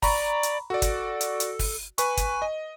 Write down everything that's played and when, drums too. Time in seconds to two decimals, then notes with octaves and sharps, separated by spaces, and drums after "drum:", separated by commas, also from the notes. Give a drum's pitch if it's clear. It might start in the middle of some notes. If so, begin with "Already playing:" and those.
0.02 D5 A#5 B5 C#6, drum: kick, open hi-hat
0.43 drum: hi-hat
0.70 F#4 A4 D5
0.82 drum: kick, hi-hat
1.21 drum: hi-hat
1.40 drum: hi-hat
1.59 drum: kick, open hi-hat
1.98 B4 G#5 C#6, drum: hi-hat
2.17 drum: kick, hi-hat
2.42 D#5